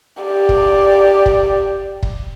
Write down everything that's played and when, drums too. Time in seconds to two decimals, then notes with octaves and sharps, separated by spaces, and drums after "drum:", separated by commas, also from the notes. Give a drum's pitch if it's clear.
0.23 G4 D5
0.49 drum: kick
1.26 drum: kick
2.03 drum: kick